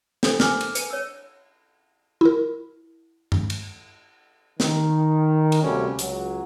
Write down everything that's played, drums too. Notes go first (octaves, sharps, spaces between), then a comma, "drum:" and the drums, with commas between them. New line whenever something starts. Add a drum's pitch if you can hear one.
D4 A4 C5, drum: snare
A#4 G#5 D6 F6, drum: snare
drum: cymbal
B4 C#7 D#7, drum: hi-hat
C#5 E6
E4 A#4
drum: tom G2
drum: cymbal
D#3, drum: snare
drum: cymbal
D2 C3 G3 A#3 C#4
C#2 F#3, drum: hi-hat